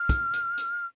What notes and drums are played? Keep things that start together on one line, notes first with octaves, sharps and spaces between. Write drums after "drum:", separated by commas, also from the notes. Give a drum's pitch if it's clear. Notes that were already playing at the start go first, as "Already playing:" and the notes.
Already playing: F6
drum: kick, hi-hat
drum: hi-hat
drum: hi-hat